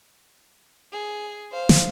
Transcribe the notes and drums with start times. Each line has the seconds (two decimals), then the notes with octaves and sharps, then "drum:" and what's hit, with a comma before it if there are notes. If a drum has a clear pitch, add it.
0.92 G#4
1.52 C5 F5
1.69 drum: snare